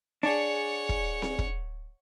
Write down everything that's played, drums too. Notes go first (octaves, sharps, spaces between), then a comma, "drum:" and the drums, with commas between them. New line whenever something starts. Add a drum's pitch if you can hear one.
D4 G#4 C#5 D5 F#5 G#5
drum: kick
drum: snare C4
drum: kick